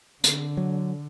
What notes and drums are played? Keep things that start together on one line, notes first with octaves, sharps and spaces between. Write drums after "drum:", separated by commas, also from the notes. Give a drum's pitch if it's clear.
D3, drum: hi-hat
F#3